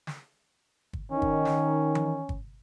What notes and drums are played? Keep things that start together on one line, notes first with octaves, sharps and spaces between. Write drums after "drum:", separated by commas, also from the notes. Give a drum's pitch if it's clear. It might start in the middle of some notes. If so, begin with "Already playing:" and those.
drum: snare
drum: kick
D#3 C#4
drum: kick
drum: snare
drum: tom E3
drum: kick